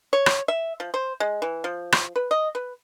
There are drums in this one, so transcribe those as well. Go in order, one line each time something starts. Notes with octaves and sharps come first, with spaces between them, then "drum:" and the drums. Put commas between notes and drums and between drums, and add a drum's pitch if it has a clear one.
C#5
drum: rim click
E5
F3
C5
G#3
E3
F3
drum: rim click
B4
D#5
B4